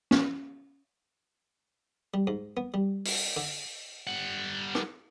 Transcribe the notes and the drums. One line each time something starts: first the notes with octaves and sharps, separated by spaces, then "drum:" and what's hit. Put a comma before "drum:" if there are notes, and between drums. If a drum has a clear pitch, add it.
C#4, drum: snare
G3
G#2
B3
G3
drum: open hi-hat
D3
G3 F#5
drum: rim click